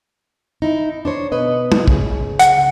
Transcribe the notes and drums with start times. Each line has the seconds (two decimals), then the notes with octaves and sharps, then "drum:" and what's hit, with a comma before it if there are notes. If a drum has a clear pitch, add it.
0.62 D#4 E4
1.05 D4 C5 C#5
1.32 B2 B4 D#5
1.72 drum: tom
1.88 C#3, drum: kick
2.39 F#5, drum: hi-hat